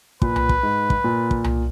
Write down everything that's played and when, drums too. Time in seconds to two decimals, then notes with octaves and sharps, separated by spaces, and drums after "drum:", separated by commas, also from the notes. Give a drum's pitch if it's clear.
0.22 A#2 B4, drum: kick
0.36 drum: tom C2
0.49 drum: kick
0.63 G#2
0.90 drum: kick
1.04 A#2
1.31 drum: kick
1.44 drum: tom C2